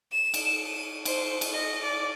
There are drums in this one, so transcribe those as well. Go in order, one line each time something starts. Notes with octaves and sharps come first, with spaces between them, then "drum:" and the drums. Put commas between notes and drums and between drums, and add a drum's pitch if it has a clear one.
E7
drum: cymbal
D#7
C5, drum: cymbal
drum: cymbal
D#5
D5